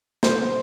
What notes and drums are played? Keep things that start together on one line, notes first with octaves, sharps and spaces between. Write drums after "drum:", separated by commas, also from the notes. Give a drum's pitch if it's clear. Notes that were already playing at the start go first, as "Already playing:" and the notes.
C5, drum: snare